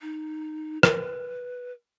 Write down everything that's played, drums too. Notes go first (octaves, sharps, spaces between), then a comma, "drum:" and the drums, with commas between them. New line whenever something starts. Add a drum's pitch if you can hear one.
D#4
A#4 B4, drum: rim click